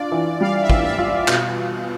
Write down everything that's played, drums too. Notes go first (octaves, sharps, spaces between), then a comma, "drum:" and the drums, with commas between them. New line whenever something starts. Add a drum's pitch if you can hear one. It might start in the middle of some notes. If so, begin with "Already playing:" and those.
Already playing: D4 F4 D5
E3
G3 F5
E5
E3, drum: kick
E5
F4
B2 F5, drum: clap